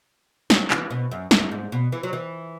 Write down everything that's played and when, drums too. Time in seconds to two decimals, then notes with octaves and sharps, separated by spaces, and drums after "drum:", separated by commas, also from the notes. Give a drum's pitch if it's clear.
0.50 F#3, drum: snare
0.70 E3, drum: clap
0.91 B2
1.11 F#2
1.31 F#2, drum: snare
1.52 G#2
1.72 B2
1.92 E3
2.03 F#3
2.13 E3